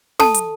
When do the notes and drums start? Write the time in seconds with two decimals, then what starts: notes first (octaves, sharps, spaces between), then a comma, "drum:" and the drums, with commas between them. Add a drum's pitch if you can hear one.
0.19 A4 A5, drum: snare
0.34 drum: hi-hat